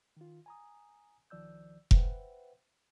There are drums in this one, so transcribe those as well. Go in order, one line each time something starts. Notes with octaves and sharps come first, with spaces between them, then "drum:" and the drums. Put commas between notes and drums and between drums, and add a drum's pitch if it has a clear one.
D#3 F4
G#5 A#5 D#6
C2 D#3 F3 D5 E6 G6
B4 C5 E5 F#5 G5, drum: kick F1